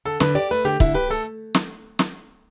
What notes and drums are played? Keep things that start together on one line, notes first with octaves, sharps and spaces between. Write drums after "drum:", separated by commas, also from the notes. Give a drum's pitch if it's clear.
D3 A4
D3 B4, drum: snare
G4 D5
A3 B4
D3 G4
D3 E4, drum: kick
G4 B4
A3 A4
drum: snare
drum: snare